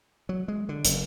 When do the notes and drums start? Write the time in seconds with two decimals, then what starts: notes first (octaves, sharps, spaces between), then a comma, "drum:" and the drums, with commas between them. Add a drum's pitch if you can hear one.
0.29 F#3
0.48 G#3
0.69 D3
0.84 F#1, drum: hi-hat